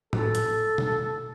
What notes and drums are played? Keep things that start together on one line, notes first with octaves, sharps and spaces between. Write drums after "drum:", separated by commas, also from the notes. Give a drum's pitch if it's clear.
A4, drum: tom A2
drum: hi-hat
drum: tom B2